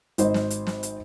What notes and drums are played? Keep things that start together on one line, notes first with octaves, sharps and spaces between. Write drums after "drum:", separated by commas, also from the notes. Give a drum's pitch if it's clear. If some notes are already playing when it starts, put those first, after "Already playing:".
G#1 C5 D#5, drum: hi-hat
drum: snare
drum: hi-hat
drum: snare
drum: hi-hat